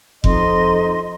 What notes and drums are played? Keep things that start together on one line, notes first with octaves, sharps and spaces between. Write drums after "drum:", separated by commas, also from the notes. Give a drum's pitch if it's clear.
F2 D#4 D#5 C6, drum: kick F1